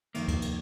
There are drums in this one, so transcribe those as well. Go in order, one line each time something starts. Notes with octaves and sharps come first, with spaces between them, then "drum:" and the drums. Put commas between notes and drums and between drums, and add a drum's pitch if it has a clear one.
F2 D#3 A#3, drum: cymbal
drum: kick D2, cymbal
drum: cymbal